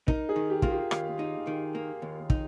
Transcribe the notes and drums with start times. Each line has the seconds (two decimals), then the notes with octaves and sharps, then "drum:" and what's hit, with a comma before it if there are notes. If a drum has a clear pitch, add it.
0.08 D#4 A#4, drum: kick
0.29 G#4
0.36 D#3
0.50 G4
0.62 A#3 F4, drum: kick
0.71 G4
0.91 D#2 F5, drum: rim click
1.19 D#4
1.47 D#3
1.75 A#3
2.02 D#2
2.30 D#4, drum: kick